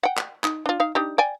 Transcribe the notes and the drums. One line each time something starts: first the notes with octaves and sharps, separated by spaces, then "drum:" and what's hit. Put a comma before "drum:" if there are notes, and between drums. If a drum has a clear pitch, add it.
F#5 G5
drum: clap
D#4, drum: clap
D4 F4
D#4 F5
D4 D#4 G4
D5 G5 G#5